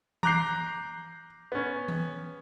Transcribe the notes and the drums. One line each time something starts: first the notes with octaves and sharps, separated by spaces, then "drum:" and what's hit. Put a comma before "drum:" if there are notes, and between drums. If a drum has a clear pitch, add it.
A#5 D6 F#6 G6 C7, drum: tom E3
B3 C#4
drum: tom E3